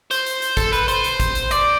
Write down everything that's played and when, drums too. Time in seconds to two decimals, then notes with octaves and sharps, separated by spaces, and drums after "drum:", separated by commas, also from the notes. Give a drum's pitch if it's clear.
0.11 C5, drum: hi-hat
0.26 drum: hi-hat
0.42 drum: hi-hat
0.57 A4, drum: kick, hi-hat
0.73 B4, drum: hi-hat
0.88 C5, drum: hi-hat
1.04 drum: hi-hat
1.20 drum: kick, hi-hat
1.35 drum: hi-hat
1.51 D5, drum: hi-hat